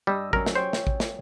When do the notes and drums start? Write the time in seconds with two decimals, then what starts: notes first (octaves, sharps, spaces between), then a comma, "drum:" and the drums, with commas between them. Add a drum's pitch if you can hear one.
0.07 G2 G3 D#5 E6
0.33 F#3 C#4 A#4, drum: kick A1
0.46 drum: snare
0.55 C5 C#5 G5
0.73 drum: snare
0.87 drum: kick A1
1.00 drum: snare